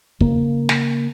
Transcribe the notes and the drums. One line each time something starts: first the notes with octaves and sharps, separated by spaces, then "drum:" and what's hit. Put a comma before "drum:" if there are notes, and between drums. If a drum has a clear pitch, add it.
C#3 A#3, drum: kick
drum: snare